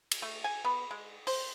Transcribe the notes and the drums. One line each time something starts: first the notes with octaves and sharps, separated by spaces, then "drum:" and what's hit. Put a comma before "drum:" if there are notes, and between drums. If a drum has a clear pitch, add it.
drum: cymbal
A3
G#5
B3
G#3
C5, drum: open hi-hat